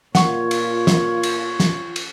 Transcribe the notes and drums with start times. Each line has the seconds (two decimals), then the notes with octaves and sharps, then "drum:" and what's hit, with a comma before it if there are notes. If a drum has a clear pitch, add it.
0.15 A#2 F4 C#5 F#5 C#6, drum: snare
0.51 drum: cymbal
0.87 drum: snare
1.23 drum: cymbal
1.60 drum: snare
1.96 drum: cymbal